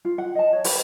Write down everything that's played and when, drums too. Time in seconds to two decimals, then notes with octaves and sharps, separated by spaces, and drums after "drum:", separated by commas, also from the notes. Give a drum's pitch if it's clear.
0.05 F4
0.18 F#5
0.35 D#5 A5
0.53 C#5
0.64 G4 C5 B5, drum: open hi-hat